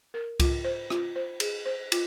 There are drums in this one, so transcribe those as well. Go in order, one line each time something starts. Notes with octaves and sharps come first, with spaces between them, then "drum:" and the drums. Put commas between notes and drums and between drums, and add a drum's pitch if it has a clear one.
A#4
F4, drum: kick C2, cymbal
C5
F4, drum: rim click
C5
G#4, drum: cymbal
C5
F4, drum: cymbal